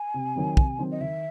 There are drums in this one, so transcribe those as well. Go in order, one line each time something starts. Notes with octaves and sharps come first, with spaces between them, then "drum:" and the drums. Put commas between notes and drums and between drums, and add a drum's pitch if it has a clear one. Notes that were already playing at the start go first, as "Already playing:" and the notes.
Already playing: G#5
C3
D#3 F#3 C4
C3, drum: kick
D#3 F#3 C4
D#5
D#3 E5